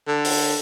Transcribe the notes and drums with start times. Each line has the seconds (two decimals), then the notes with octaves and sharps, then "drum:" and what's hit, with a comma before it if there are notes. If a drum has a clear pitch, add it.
0.07 D3
0.25 drum: open hi-hat